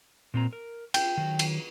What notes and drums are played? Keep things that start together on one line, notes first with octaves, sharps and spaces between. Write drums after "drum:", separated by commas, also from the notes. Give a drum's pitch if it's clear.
A#2 C4 A#5
A#4
F4 G5, drum: cymbal
D#3 F#3
drum: cymbal